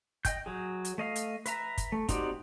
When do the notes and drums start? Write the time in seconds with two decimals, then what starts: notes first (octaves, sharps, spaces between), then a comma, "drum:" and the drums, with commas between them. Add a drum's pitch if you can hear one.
0.25 D#5 G5 G6, drum: kick, hi-hat
0.46 F#3 G#4
0.85 drum: hi-hat
0.98 A3 D#5 F5
1.16 drum: hi-hat
1.46 B4 E5 A#5, drum: hi-hat
1.78 drum: kick, hi-hat
1.92 A3
2.09 C4 D#4 F#4 G4 D5, drum: kick, hi-hat